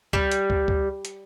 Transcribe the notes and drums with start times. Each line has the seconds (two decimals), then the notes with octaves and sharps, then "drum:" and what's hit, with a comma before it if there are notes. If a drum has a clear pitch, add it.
0.13 G3, drum: kick
0.32 drum: hi-hat
0.50 drum: kick
0.68 drum: kick
1.05 drum: hi-hat